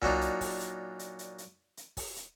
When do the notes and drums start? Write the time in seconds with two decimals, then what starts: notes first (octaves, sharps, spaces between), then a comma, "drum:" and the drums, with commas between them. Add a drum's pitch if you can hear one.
0.02 A#2 F#3 D4 D#4, drum: tom C2
0.21 drum: hi-hat
0.41 drum: kick, open hi-hat
0.60 drum: hi-hat
0.99 drum: hi-hat
1.19 drum: hi-hat
1.38 drum: hi-hat
1.77 drum: hi-hat
1.97 drum: kick, open hi-hat
2.16 drum: hi-hat